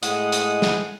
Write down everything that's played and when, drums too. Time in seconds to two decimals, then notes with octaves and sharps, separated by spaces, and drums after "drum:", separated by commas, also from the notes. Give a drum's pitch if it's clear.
0.03 A2 G#3 D#5 F#5, drum: hi-hat
0.32 drum: hi-hat
0.62 drum: snare